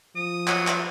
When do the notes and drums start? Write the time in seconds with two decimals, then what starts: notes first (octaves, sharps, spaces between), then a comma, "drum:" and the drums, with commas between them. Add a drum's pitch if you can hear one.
0.16 F3 D#6
0.48 F#3, drum: clap
0.67 drum: clap